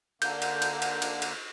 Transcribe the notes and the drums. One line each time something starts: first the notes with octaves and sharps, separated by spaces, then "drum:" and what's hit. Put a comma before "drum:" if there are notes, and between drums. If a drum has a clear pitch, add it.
D3 A#3 G6, drum: cymbal
drum: cymbal
drum: cymbal
drum: cymbal
drum: cymbal
drum: cymbal